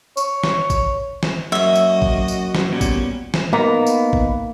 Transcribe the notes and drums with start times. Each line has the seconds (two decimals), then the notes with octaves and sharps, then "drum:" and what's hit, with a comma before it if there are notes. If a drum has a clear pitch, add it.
0.17 C#5, drum: tambourine
0.44 drum: snare
0.70 drum: kick, tambourine
1.23 drum: snare
1.52 F#2 A#3 F#4 C#5 D#5 E5
1.75 drum: tambourine
2.02 drum: kick
2.28 drum: tambourine
2.55 drum: snare
2.72 A#2 G3 B3 C#4
2.81 drum: kick, tambourine
3.34 drum: snare
3.53 A#3 B3 D#4
3.87 drum: tambourine
4.13 drum: kick